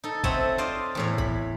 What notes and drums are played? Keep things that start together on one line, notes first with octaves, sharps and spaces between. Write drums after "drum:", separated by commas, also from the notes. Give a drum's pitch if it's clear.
D#4 A4
C4 A4 B4 C#5 E5 F#5, drum: kick
F4 C5 D5 D#5
E2 A2 C#5
B5, drum: kick